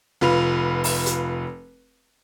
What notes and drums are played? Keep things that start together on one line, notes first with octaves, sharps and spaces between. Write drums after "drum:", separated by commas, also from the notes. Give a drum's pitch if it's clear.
F1 F4 B4 F7
drum: open hi-hat
drum: hi-hat